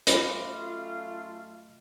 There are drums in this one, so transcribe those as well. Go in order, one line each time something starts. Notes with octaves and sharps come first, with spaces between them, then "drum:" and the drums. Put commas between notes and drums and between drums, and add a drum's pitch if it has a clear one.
F#2 A3 F4 D#5 B5 D6, drum: hi-hat